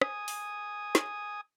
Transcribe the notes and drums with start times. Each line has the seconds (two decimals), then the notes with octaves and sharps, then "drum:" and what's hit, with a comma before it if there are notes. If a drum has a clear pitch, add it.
0.02 G#5 D#6, drum: rim click
0.28 drum: open hi-hat
0.95 drum: snare